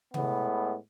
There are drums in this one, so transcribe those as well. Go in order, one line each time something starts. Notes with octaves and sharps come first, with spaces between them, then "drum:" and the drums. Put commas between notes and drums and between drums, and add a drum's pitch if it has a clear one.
A2 G#3 B3, drum: tom C3